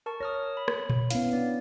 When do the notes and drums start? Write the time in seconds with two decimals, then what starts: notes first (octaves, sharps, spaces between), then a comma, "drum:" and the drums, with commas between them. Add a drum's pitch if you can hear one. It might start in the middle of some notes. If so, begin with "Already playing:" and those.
0.06 A#4 A5 C#6
0.20 C#5 D#6 F6 A#6
0.57 B5
0.68 drum: rim click
0.90 drum: tom A#2
1.11 B3 C#4 E4 F5, drum: hi-hat
1.33 D4 D5